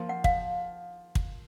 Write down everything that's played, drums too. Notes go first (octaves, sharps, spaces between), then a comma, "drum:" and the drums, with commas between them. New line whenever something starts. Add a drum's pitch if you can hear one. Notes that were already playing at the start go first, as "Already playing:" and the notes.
Already playing: F3 A#3 F4
F#5
F5, drum: kick
drum: kick